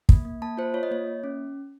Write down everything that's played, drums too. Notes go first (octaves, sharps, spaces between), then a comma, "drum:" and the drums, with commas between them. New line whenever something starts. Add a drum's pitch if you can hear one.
A#3, drum: kick
A#3
A#3 A5
F4 C5
F4 C#5
D#5
A#3 C#5
A#3
C#4